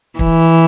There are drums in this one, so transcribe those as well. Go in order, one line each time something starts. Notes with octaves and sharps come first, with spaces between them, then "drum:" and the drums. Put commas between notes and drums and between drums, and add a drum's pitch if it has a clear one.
E3, drum: kick